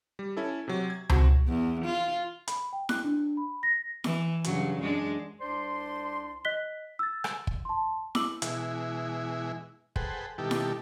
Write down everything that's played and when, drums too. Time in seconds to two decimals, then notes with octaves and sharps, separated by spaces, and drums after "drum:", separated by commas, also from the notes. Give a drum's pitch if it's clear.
0.19 G3
0.37 C#4 E4 A4
0.68 C3 F#3
0.90 G#6
1.10 C4 F#4, drum: tom C#2
1.48 E2
1.85 F4
2.48 B5, drum: hi-hat
2.73 G5
2.89 F#6, drum: snare E4
3.04 D4
3.37 B5
3.63 A#6
4.04 E3, drum: snare E4
4.44 G2 C#3 F#3, drum: hi-hat
4.79 F#2 G#3 D4
5.41 C2 D4 C5 D5 C6
6.45 D#5 F#6 B6 G7
6.99 E6 A6
7.24 drum: rim click
7.47 drum: kick
7.65 A5 C6
8.15 D6 E6 F#7, drum: snare E4
8.42 B2 E3 G#3 E4, drum: hi-hat
9.96 G#4 A4 B4 C5 F#5 G5, drum: kick
10.38 B2 D#3 G3 E4 G4 A4
10.51 drum: snare E4